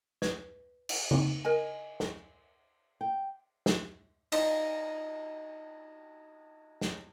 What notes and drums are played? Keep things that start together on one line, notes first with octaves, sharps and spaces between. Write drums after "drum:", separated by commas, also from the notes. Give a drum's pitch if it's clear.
B4, drum: snare
drum: cymbal
drum: tom C#3
A#4 D#5 G#5
drum: snare
G5
drum: snare
D#4 D#5 A5 C6, drum: cymbal
drum: snare